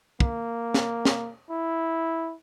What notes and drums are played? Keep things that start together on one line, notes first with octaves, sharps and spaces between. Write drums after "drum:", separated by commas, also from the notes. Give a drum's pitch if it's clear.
A#3, drum: kick
drum: snare
drum: snare
E4